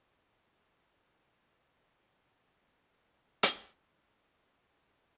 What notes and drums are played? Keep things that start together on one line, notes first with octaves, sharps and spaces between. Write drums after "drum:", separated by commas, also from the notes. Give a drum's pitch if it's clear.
G#4 C5 D5 E5 G5
D4 G5 A5 B5
D#5 G#5 F6
B4 E5 G#5
drum: hi-hat
C#5 G5 F6
F#2 C3 D#3 D#5 F#5 C#6
A#4 F#5 G5 A5 A#5